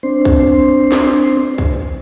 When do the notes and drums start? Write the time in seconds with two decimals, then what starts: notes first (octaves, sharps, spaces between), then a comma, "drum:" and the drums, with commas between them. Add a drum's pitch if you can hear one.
0.03 C4 D4 C5
0.25 drum: kick
0.92 drum: snare
1.58 drum: kick